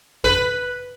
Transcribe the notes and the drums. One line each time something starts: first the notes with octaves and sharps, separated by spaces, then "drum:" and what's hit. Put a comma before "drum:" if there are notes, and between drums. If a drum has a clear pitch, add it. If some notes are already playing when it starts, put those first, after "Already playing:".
B4, drum: kick G#1